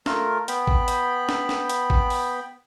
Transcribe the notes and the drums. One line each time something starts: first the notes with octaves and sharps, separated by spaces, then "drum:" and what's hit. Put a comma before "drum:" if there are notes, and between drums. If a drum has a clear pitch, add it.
A3 F4 A#4, drum: snare
B3 G5 B5, drum: hi-hat
drum: kick A1
drum: hi-hat
drum: snare
drum: snare
drum: hi-hat
drum: kick A1
drum: open hi-hat